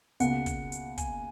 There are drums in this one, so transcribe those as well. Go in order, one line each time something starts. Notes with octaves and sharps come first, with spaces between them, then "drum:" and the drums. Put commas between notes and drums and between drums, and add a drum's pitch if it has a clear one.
C#2 B2 A#3 F#5, drum: hi-hat
drum: kick, hi-hat
drum: hi-hat
G#5, drum: kick, hi-hat